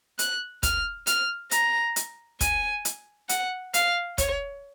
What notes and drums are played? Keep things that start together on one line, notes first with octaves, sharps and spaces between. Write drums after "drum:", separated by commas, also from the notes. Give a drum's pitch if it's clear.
F#6, drum: hi-hat
F6, drum: kick, hi-hat
F6, drum: hi-hat
A#5, drum: hi-hat
drum: hi-hat
G#5, drum: kick, hi-hat
drum: hi-hat
F#5, drum: hi-hat
F5, drum: hi-hat
C#5, drum: kick, hi-hat